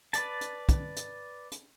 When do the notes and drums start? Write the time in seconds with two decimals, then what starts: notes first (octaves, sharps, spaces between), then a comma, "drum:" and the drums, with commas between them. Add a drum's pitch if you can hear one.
0.13 B4 D5 A5, drum: hi-hat
0.41 drum: hi-hat
0.69 drum: kick, hi-hat
0.96 drum: hi-hat
1.52 drum: hi-hat